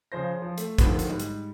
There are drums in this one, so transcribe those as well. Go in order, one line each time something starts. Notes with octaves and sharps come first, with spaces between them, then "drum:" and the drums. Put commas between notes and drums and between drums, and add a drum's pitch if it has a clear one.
C#3 F3 C5 A#6
F3
A3, drum: hi-hat
D3 D#3 F3 B3, drum: kick A1, hi-hat
drum: hi-hat
G#2 G3
drum: hi-hat